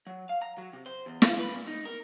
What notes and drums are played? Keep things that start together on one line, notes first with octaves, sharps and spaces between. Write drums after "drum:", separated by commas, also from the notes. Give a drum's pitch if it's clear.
F#3
F5
A#5
F#3
C3
C5
E2
F4, drum: snare
B4
A#2
D#4
A#4